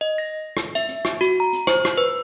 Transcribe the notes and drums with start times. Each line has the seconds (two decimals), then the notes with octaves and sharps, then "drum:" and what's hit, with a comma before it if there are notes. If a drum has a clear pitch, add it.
0.01 D#5
0.18 A#6
0.57 drum: rim click
0.75 E5, drum: hi-hat
0.89 drum: hi-hat
1.05 drum: rim click
1.21 F#4, drum: hi-hat
1.40 A#5
1.53 drum: hi-hat
1.67 C5, drum: rim click
1.85 drum: rim click
1.98 B4